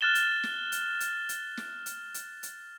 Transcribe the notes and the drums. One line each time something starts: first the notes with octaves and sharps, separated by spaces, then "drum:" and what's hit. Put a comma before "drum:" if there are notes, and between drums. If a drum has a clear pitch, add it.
F6 F#6 A6 E7 G7
drum: hi-hat
drum: snare
drum: hi-hat
drum: hi-hat
drum: hi-hat
drum: snare
drum: hi-hat
drum: hi-hat
drum: hi-hat